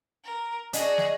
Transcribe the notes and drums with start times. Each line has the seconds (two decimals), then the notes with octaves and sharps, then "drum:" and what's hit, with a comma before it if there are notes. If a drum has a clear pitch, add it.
0.24 A#4
0.73 D4 F#4 G#4 D#5, drum: hi-hat
0.98 drum: snare